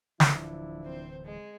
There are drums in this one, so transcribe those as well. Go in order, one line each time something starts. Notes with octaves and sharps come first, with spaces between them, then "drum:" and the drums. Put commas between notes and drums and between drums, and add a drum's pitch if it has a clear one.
D1 D3 E3 F3 D4 E4, drum: snare
C4 C5
G#3